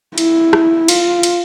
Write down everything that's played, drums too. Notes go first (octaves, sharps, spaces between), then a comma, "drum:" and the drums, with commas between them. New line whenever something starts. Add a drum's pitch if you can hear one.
E4, drum: cymbal
drum: rim click
F4, drum: cymbal
drum: cymbal